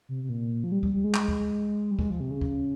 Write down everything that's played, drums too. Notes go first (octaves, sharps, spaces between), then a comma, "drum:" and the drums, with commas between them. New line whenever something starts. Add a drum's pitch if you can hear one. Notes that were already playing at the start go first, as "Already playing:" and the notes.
C3
C3
A#2
F3
G3
G3, drum: kick D2
G3
G#3
drum: clap
drum: kick D2
G3
G#3, drum: kick D2
F3
C3
C#3
drum: kick D2